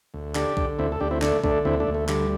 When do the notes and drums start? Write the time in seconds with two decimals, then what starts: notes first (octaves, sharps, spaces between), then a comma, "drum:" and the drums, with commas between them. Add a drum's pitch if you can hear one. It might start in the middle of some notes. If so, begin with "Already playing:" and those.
0.14 D2
0.35 D3 D4 G4, drum: clap
0.57 D3, drum: kick
0.79 D2 C4 E4
0.92 A4
1.00 D2 D4 G4
1.11 C4 E4
1.22 D3 A3 D4, drum: clap
1.44 D3 A3 D4, drum: kick
1.65 D2 C4 E4
1.80 A3 D4
1.87 D2
1.95 A3
2.09 D3 G3, drum: clap